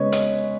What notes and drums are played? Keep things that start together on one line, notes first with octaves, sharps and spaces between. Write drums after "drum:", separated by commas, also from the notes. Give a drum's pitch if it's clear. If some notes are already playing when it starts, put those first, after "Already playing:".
Already playing: C#3 G#3 B3 B4 C#5 D#5
D#5, drum: hi-hat